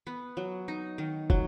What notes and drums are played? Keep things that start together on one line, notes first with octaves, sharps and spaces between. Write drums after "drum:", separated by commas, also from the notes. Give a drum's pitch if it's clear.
B3
F#3
D#4
D#3
F#3, drum: kick